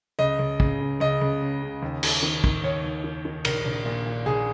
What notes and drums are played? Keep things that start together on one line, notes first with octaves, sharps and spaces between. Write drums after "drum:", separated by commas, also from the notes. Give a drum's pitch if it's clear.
C#2 D#5
C#2
C#3, drum: kick
C#3
C#2 D#5
C#2
C#3
C#3
D#2
D#2, drum: cymbal
D#3
D#3, drum: kick
D#2 C#5
D#2
D#3
D#3
A#1 A#4, drum: cymbal
A#1
A#2
A#2
A#1 G#4